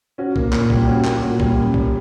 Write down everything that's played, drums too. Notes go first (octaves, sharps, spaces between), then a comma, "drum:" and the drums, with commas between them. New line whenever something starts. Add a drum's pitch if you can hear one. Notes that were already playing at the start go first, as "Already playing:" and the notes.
C#4 F#4
A#3, drum: kick A#1
A#2, drum: clap
G3, drum: kick A#1
G4
C#4 F#4
A#3, drum: clap
A#2 F#4
G3, drum: kick A#1
F#2
G3, drum: kick A#1